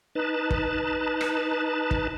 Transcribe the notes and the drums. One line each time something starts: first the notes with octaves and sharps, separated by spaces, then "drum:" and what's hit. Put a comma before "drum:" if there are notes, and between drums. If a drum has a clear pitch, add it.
D#4 B4 A5
drum: kick
drum: rim click
drum: kick